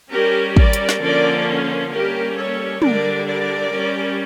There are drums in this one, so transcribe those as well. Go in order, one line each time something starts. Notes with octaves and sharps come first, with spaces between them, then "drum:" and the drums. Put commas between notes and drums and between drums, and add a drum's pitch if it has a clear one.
G3 C#4 G4 A#4
A#4 D5, drum: kick
drum: hi-hat
drum: snare
D3 F3 A#3 C#4 A#4 D5
G3 A#3 C#4 G4 A#4
A4 C#5
D3 G3 D4 A#4 D5, drum: tom
A#4 D5
G3 C#4